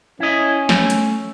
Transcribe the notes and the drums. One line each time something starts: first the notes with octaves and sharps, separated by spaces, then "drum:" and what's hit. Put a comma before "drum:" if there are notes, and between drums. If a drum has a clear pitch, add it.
C#4 E4 D#5
A3, drum: snare
drum: hi-hat